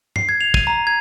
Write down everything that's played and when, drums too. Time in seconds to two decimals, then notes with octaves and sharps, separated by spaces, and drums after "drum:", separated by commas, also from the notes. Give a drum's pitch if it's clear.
0.16 C7, drum: tom G2
0.29 G#6
0.41 F7
0.54 D#7, drum: kick
0.67 A#5
0.87 G#6